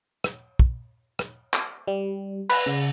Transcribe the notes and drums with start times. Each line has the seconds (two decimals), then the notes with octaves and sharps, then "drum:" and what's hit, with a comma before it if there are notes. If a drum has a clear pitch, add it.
0.24 drum: rim click
0.59 drum: kick
1.19 drum: rim click
1.54 drum: clap
1.87 G3
2.49 B4, drum: cymbal
2.66 C#3